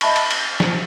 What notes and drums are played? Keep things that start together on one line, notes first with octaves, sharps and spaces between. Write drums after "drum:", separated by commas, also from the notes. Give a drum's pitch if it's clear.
D#5 E5 A5 B5 C#6, drum: cymbal
drum: cymbal
drum: cymbal
drum: snare